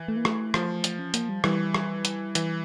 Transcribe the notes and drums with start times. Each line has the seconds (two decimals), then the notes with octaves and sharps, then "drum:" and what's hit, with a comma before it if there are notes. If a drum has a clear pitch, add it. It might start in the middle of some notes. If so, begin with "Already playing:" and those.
Already playing: E3
0.08 A3
0.17 A#3
0.25 A3, drum: rim click
0.54 F3, drum: rim click
0.84 drum: hi-hat
0.99 C#4
1.14 A#3, drum: hi-hat
1.29 G3
1.44 E3 G3, drum: rim click
1.74 drum: rim click
2.05 drum: hi-hat
2.35 E3, drum: hi-hat